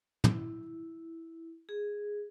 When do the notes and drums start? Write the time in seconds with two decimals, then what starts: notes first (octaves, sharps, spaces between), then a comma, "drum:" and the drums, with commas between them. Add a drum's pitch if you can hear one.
0.24 E4, drum: tom
1.69 G#4